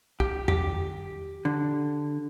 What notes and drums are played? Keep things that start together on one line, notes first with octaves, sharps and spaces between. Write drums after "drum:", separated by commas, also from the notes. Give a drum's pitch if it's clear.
G4, drum: kick B1
G4, drum: tom E2
D3